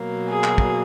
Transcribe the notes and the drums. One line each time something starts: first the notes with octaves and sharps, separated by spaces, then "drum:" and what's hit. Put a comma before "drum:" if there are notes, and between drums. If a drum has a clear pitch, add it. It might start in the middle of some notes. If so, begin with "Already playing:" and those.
Already playing: B2 F#3 A#3
G#4
drum: clap
drum: kick